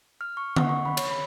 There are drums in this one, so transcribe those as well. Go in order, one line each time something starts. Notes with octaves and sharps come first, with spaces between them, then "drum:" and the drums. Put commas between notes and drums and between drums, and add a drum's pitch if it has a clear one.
F6
C#6
F#5, drum: tom D3
C#6
B5
C#5, drum: cymbal
B5